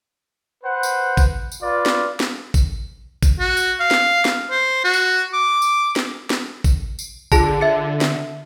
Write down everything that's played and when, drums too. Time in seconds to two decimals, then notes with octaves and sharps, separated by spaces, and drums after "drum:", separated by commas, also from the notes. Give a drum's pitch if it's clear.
0.63 B4 C5 F#5
0.83 drum: tambourine
1.17 drum: kick A1, tambourine
1.52 drum: tambourine
1.63 F4 B4 D5
1.86 drum: snare
2.20 drum: snare
2.54 drum: kick A1, tambourine
3.23 drum: kick A1, tambourine
3.40 F#4
3.57 drum: tambourine
3.80 F5
3.91 drum: snare
4.25 drum: snare
4.50 C5
4.84 F#4
4.93 drum: tambourine
5.33 D6
5.62 drum: tambourine
5.96 drum: snare
6.30 drum: snare
6.64 drum: kick A1, tambourine
6.99 drum: tambourine
7.32 D3 F4 G#4 A5, drum: kick A1, tambourine
7.61 E5 A6 C#7
8.01 drum: snare